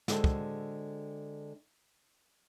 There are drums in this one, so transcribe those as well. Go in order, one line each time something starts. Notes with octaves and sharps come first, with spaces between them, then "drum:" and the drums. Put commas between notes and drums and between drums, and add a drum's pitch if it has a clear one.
D3 G#3 C4 F#4 A4, drum: snare
drum: kick